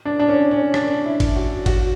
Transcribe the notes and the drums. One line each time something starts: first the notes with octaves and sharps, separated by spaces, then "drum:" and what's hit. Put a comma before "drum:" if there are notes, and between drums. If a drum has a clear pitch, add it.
D4
D4
C#4
C#4
D4, drum: rim click
E4
drum: kick G#1, cymbal
F#4
F#4, drum: kick G#1, cymbal